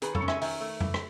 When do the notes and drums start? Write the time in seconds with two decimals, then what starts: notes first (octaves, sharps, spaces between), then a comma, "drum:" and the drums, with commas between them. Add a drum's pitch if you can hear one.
0.02 D#3 G#4 B4, drum: hi-hat
0.15 A4 C#5, drum: tom F2
0.22 C#4
0.28 E5 G#5, drum: rim click
0.41 D#3 E5 G#5, drum: open hi-hat
0.61 A3
0.80 E3, drum: tom F2
0.94 drum: rim click